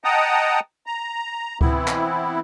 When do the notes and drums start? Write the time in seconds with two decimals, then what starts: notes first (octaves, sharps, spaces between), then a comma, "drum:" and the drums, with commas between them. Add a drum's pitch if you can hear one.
0.04 D#5 F#5 G5 A5 A#5 D#6
0.86 A#5
1.61 E3 B3 C4 E4, drum: kick C#2
1.87 drum: clap